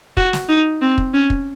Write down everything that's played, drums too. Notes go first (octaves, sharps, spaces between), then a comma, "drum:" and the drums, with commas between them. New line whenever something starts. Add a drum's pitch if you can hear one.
F#4, drum: kick
drum: snare
D#4
C4
drum: kick
C#4
drum: kick